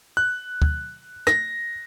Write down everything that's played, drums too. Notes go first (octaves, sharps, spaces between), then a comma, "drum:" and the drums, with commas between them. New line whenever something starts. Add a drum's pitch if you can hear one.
F#6
drum: kick
A#6, drum: rim click